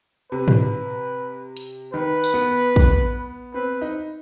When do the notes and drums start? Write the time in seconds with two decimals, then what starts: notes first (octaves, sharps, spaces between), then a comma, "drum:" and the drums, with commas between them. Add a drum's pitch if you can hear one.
0.32 C3 B4
0.48 drum: tom G#2
1.57 drum: hi-hat
1.93 D#3 B4
2.24 drum: tambourine
2.34 B3
2.76 drum: kick
3.54 C4 B4
3.82 D#4